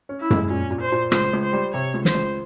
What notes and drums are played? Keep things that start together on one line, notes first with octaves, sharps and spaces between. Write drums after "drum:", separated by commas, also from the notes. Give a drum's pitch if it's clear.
C#4
E4
G#3, drum: tom F#2
A#2 C#4
A#2
C5
A#2
C#2 C5, drum: rim click
C#2
C5
G3
C3 C#5
C#2
C5, drum: snare
C#2